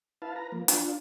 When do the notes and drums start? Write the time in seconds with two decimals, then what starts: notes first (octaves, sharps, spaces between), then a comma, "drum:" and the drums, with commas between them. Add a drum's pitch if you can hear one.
0.22 E4 B4 F5 A5
0.36 B4 A#5
0.52 F3 A#3
0.68 D4 F4, drum: hi-hat